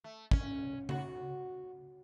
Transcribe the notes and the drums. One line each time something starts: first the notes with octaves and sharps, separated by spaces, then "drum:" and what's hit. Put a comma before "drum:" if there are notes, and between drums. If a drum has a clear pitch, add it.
A3
C#4, drum: kick
F#4, drum: tom C#3